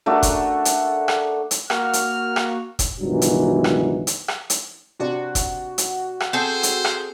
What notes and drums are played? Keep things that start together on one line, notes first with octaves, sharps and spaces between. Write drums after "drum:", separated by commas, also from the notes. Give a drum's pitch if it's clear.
A3 D4 F#4 A#4
drum: kick F#1, hi-hat
drum: hi-hat
drum: rim click
drum: hi-hat
A#3 F#4 F6, drum: rim click
drum: hi-hat
drum: rim click
drum: kick F#1, hi-hat
C#2 G2 B2 D#3 E3 F#3
drum: hi-hat
drum: rim click
drum: hi-hat
drum: rim click
drum: hi-hat
C3 D4 F#4
drum: kick F#1, hi-hat
drum: hi-hat
drum: rim click
C4 G#4 A4 C5
drum: hi-hat
drum: rim click